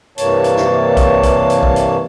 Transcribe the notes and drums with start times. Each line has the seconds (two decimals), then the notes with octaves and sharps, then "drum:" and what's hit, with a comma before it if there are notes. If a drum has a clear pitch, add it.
0.18 G2 C3 E3 A#3 C#5 A5, drum: hi-hat
0.44 drum: hi-hat
0.57 drum: snare
0.97 drum: kick, hi-hat
1.23 drum: kick, hi-hat
1.50 drum: hi-hat
1.63 drum: kick
1.76 drum: hi-hat